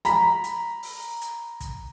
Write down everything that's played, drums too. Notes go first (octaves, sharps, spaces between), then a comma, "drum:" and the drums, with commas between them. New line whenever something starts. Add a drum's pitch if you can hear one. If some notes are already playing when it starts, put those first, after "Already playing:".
A#5 B5 B6, drum: hi-hat
drum: hi-hat
drum: open hi-hat
drum: hi-hat
drum: kick, hi-hat